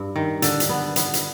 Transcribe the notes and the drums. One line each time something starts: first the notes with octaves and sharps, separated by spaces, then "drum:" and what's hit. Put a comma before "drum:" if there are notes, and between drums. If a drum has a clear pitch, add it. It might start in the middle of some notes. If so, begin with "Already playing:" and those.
Already playing: G2
D#3
D3, drum: hi-hat
drum: hi-hat
B3
B3, drum: hi-hat
drum: hi-hat